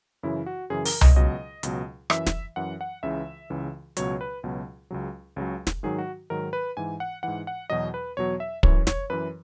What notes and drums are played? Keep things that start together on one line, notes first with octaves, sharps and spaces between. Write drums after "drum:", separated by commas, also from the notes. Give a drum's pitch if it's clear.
F#2 C#3 E3 E4
F#4
F#2 C#3 E3 G#4
A#4, drum: open hi-hat
D#5, drum: tom C2
C#2 B2 F#3 D#5
C#2 B2 F#3, drum: hi-hat
F#2 E3 E5, drum: rim click
drum: snare
F#2 E3 F#5
F#5
C#2 C#3 E3 E5
C#2 C#3 E3
C#2 B2 F#3 C#5, drum: hi-hat
B4
C#2 B2 F#3
C#2 C#3 F#3
C#2 C#3 F#3
drum: snare
G#2 D#3 F#3 G#4
F#4
G#2 D#3 F#3 A#4
B4
G#2 E3 G#5
F#5
G#2 E3 F#5
F#5
E2 B2 F#3 D#5
B4
E2 B2 F#3 C#5
E5
F#2 E3 C#5, drum: kick
C#5, drum: snare
F#2 E3 B4